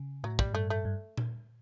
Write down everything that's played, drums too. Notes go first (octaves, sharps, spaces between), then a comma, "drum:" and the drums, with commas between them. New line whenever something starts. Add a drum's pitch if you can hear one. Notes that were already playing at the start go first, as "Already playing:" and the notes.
Already playing: C#3
A2 F#3
G3, drum: kick
G2 A3
A3
G2
drum: tom A#2